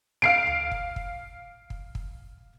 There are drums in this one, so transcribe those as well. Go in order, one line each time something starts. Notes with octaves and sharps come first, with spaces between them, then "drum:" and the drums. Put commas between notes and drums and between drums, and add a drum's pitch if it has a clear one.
F5 C7 D7
drum: tom D2
drum: kick
drum: kick
drum: kick
drum: kick